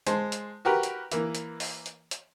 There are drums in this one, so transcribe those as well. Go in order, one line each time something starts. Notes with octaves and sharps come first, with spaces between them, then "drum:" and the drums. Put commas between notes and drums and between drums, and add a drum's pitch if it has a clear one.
G#3 C5 A5, drum: hi-hat
drum: hi-hat
F#4 G4 A#4 B4
drum: hi-hat
E3 A#3, drum: hi-hat
drum: hi-hat
drum: open hi-hat
drum: hi-hat
drum: hi-hat